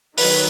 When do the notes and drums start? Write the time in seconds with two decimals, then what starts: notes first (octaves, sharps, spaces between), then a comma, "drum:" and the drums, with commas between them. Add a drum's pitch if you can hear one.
0.18 D#3 F#3 B4, drum: open hi-hat